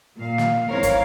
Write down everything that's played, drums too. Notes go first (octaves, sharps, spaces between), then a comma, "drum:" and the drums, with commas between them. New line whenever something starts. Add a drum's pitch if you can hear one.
A#2 F5
drum: snare
G#2 E3 C4 A#4 C#5 F5
drum: kick, hi-hat